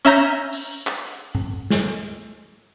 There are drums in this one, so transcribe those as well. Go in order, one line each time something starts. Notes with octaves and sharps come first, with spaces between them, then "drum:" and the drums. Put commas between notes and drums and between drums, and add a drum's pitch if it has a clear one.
C#4 E5 A#5 G6
drum: open hi-hat
drum: clap
drum: tom G#2
drum: snare